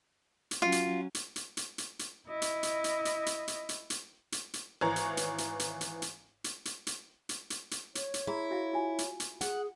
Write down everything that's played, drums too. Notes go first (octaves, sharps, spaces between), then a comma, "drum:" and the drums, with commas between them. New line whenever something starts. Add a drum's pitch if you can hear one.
drum: hi-hat
F#3 C#4 F4
drum: hi-hat
drum: hi-hat
drum: hi-hat
drum: hi-hat
drum: hi-hat
drum: hi-hat
E4 D#5
drum: hi-hat
drum: hi-hat
drum: hi-hat
drum: hi-hat
drum: hi-hat
drum: hi-hat
drum: hi-hat
drum: hi-hat
drum: hi-hat
drum: hi-hat
G#1 E3 C#5 A#5
drum: hi-hat
drum: hi-hat
drum: hi-hat
drum: hi-hat
drum: hi-hat
drum: hi-hat
drum: hi-hat
drum: hi-hat
drum: hi-hat
drum: hi-hat
drum: hi-hat
drum: hi-hat
C#5, drum: hi-hat
drum: hi-hat
E4 G#4 A#5 C6
F#4 E5 F5
F4 G#5
drum: hi-hat
drum: hi-hat
G#4 F#5, drum: hi-hat